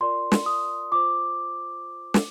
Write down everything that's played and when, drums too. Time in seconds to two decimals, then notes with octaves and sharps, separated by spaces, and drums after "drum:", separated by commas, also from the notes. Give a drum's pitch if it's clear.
0.01 F4 A#4 D5 C6
0.32 drum: snare
0.46 D#6
0.92 F4 C5 D6
2.14 drum: snare